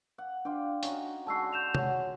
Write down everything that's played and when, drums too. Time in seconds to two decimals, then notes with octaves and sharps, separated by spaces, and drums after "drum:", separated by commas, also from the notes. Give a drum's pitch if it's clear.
0.18 F#5
0.45 D4 F4 D5 G5
0.83 C#4 D#4 F#4, drum: hi-hat
1.27 D3 G#3 F#4 A5 E6 C7
1.53 G6 E7 F7
1.75 G#4 C#5 F#5, drum: tom C3